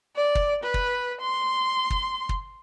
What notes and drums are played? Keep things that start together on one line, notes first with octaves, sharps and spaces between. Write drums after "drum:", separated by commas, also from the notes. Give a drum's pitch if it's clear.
D5
drum: kick
B4
drum: kick
C6
drum: kick
drum: kick